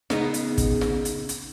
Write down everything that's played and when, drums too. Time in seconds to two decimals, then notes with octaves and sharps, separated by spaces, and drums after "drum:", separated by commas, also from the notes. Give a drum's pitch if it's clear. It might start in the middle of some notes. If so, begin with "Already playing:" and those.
0.10 C#3 B3 D#4, drum: snare
0.34 drum: hi-hat
0.58 drum: kick, hi-hat
0.81 drum: snare
1.05 drum: hi-hat
1.29 drum: hi-hat